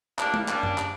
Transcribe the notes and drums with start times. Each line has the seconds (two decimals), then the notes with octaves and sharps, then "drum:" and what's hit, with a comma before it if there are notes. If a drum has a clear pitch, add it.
0.19 A2 G3 A#3 D4, drum: clap
0.34 drum: tom G#3
0.48 C#3 G3 A#3 D4, drum: clap
0.63 drum: tom F#2
0.78 drum: clap